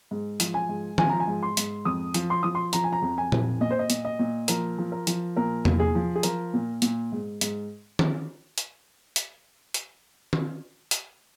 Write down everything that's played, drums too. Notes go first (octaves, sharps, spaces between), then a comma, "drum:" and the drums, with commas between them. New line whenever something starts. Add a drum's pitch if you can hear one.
G#2
F3, drum: hi-hat
G#5
G#2
F3 G#5, drum: tom
A#5
G#5
G#2
C6
G#2, drum: hi-hat
F2 D#6
F3, drum: hi-hat
C6
F3 D#6
C6
F3 A#5, drum: hi-hat
G#5
A#5
F2
G#5
F2, drum: tom A#2
A#2 D#5
C5
D#5
A#2, drum: hi-hat
D#5
A#2
F3 A#4, drum: hi-hat
F3
A#4
F3, drum: hi-hat
A#2 A#4
A#2, drum: tom E2
G#4
F3
G#4
F3 A#4, drum: hi-hat
A#2
A#2, drum: hi-hat
G#2
G#2, drum: hi-hat
drum: tom
drum: hi-hat
drum: hi-hat
drum: hi-hat
drum: tom
drum: hi-hat